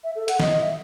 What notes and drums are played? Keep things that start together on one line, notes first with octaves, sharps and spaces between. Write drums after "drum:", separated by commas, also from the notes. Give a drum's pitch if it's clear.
E5
A4
F#5, drum: hi-hat
D#5, drum: snare
E5